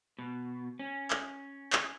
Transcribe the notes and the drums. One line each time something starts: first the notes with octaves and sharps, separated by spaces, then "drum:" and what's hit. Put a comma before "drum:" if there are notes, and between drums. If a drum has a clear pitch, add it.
B2
C#4
drum: clap
drum: clap